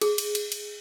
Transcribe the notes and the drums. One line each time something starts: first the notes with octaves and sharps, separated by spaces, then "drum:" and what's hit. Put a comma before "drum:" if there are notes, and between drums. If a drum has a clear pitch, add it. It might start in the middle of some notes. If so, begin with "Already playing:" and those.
G#4, drum: cymbal
drum: cymbal
drum: cymbal
drum: cymbal